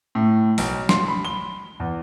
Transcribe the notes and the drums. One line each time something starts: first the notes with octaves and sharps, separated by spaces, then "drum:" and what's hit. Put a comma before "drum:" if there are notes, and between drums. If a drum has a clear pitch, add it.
A2
B1, drum: open hi-hat
C6, drum: snare
B5
G7
E2